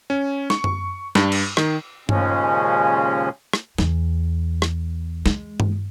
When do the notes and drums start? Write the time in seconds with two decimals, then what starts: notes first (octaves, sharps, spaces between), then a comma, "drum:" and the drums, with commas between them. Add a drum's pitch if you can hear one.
0.10 C#4
0.50 C#6, drum: snare
0.64 drum: tom F#2
1.15 G2, drum: snare
1.32 drum: cymbal
1.57 D#3, drum: rim click
2.09 D#2 A#2 C#3 F3 G#3 C#4, drum: tom G2
3.53 drum: rim click
3.78 E2, drum: snare
4.62 drum: rim click
5.26 G#3, drum: snare
5.60 drum: tom G2